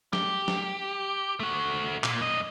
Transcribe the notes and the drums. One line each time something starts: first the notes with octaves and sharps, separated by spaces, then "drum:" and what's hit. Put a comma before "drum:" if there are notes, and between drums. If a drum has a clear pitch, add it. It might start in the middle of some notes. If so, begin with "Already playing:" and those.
G4, drum: snare
drum: snare
A3 F#4
A#2, drum: clap
F#2 D#5